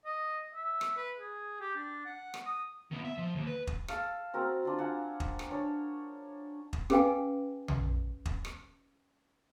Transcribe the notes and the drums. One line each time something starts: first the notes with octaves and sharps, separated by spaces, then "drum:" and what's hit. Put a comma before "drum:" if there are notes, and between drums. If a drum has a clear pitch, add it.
D#5
E5
drum: rim click
B4
G#4
G4
D4
F#5
drum: rim click
D#6
D#3 B3
E5
F3
D#2
B4
drum: kick
A4 F5, drum: rim click
C4 F#4 A#4
D4 F4 F#4
F5 F#5 G#5 A#5
drum: kick
drum: rim click
D4 C#5
drum: kick
C#4 G#4 B4 F5 G5 G#5, drum: rim click
drum: tom A#1
drum: kick
drum: rim click